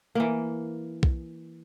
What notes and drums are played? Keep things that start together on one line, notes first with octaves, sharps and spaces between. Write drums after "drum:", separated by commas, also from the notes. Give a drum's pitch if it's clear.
E3 A#3
drum: kick